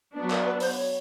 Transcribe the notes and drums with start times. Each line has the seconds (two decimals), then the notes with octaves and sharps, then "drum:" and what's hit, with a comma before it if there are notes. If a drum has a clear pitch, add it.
0.15 F#3 B3 D4
0.30 A#4, drum: clap
0.46 B4
0.60 C5, drum: open hi-hat
0.75 C#5